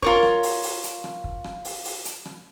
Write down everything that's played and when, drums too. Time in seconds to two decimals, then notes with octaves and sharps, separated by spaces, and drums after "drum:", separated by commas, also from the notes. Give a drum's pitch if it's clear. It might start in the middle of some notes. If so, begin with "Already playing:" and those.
0.02 F4 A#4 C#5, drum: kick
0.23 drum: rim click
0.43 drum: open hi-hat
0.63 drum: open hi-hat
0.84 drum: hi-hat
1.04 drum: rim click
1.24 drum: kick
1.44 drum: rim click
1.65 drum: open hi-hat
1.85 drum: open hi-hat
2.05 drum: hi-hat
2.25 drum: rim click